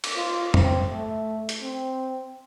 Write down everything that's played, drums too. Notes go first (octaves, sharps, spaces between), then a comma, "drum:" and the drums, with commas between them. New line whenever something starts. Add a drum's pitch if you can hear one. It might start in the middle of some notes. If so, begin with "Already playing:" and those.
drum: cymbal
F4
C4, drum: tom
A3
drum: hi-hat
C4